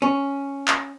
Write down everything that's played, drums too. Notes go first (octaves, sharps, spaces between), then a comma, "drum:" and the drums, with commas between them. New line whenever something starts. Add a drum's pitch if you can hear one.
C#4
drum: clap